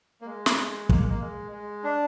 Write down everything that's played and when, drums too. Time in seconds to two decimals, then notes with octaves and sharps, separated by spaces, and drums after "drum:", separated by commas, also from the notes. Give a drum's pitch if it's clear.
0.22 A#3
0.26 G#3
0.46 drum: snare
0.89 A#3, drum: kick
0.99 G#3
1.09 A#3
1.20 G#3
1.52 G#3
1.84 D4